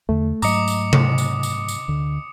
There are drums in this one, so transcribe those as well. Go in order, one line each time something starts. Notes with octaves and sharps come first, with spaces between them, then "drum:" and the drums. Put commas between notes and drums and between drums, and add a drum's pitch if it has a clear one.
E2 D3 A3
G#2 F#3 A3 D#5 A#5 D6 D#6 C#7, drum: tambourine
drum: tambourine
drum: tom C3
drum: tambourine
drum: tambourine
drum: tambourine
D2 D3